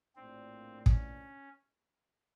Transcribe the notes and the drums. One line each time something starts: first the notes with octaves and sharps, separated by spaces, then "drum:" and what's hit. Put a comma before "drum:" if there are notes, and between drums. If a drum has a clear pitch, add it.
A#1 A2 F3 A#3 C4 D4
C#4, drum: kick